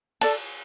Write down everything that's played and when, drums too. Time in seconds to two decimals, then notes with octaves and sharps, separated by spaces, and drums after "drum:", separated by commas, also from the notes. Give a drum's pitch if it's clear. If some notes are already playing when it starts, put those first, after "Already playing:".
0.21 A4 D5 A5, drum: cymbal